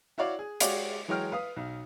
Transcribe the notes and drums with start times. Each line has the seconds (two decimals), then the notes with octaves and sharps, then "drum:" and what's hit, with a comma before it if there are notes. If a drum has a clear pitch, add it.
0.18 E4 F#4 C#5 D5 F5
0.39 G#4
0.60 G#3 F#4 G4 C#5 D5 F5, drum: hi-hat
1.08 E3 F#3 G#3 C#5 G5 F6
1.32 B4 F5 D#6
1.56 B1